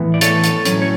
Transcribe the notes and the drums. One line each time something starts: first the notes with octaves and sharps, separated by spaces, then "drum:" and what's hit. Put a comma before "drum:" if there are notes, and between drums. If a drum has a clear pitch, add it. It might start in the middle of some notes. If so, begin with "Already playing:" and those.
Already playing: A2 E3 B3
D5
A4 C#5, drum: hi-hat
drum: hi-hat
A2 F#3 C#4, drum: hi-hat
C#5